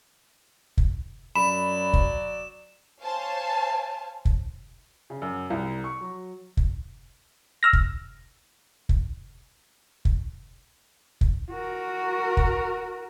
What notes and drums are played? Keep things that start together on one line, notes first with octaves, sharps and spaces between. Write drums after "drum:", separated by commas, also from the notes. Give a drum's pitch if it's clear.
drum: kick
F#2 F#3 D5 B5 E7
drum: kick
C5 C#5 F5 G#5 A5
drum: kick
C#3
F#2
C2
C#6
F#3
drum: kick
E6 F6 A#6
drum: kick
drum: kick
drum: kick
drum: kick
F#4 A#4
drum: kick